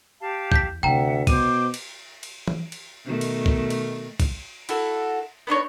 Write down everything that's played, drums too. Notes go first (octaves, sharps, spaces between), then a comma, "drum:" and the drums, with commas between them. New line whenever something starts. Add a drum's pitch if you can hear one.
G4 F5 A5
E2 G6 B6, drum: kick B1
D2 C3 E5 F#5 G5 A#5
B2 C5 D6 D#7, drum: kick B1, cymbal
drum: cymbal
drum: cymbal
drum: tom E3
drum: cymbal
B2 D#3 A3
drum: cymbal
drum: kick B1
drum: cymbal
drum: kick B1, cymbal
E4 F#4 A4, drum: cymbal
B3 D4 D#4 C#5